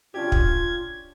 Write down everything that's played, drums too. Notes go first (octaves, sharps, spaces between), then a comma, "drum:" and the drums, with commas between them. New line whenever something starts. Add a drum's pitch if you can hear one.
C#4 D4 F4 G4 G#6
drum: kick